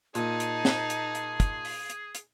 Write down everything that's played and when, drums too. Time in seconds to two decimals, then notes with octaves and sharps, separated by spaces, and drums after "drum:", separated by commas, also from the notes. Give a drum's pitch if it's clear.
0.15 A#2 D#4 G#4 A5, drum: hi-hat
0.40 drum: hi-hat
0.65 drum: snare
0.90 drum: hi-hat
1.15 drum: hi-hat
1.40 drum: kick, hi-hat
1.65 drum: open hi-hat
1.90 drum: hi-hat
2.15 drum: hi-hat